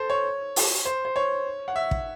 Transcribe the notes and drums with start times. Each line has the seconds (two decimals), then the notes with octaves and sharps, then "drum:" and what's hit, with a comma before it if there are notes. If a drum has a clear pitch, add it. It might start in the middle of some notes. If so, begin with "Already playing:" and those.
Already playing: A4 C5
0.10 C#5
0.56 drum: open hi-hat
0.85 C5
1.05 C5
1.16 C#5
1.68 F#5
1.76 E5
1.91 drum: kick